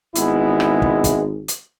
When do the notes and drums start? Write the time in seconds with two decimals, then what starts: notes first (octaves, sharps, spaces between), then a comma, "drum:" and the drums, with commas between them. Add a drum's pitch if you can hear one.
0.16 G#1 G#3 B3 E4, drum: hi-hat
0.60 drum: rim click
0.82 drum: kick
1.04 drum: kick, hi-hat
1.48 drum: hi-hat